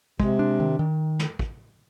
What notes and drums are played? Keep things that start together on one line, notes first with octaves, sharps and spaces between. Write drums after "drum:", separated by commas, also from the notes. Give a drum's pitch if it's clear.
C3 G#3, drum: kick
D4
D#3
D#3
drum: snare
drum: kick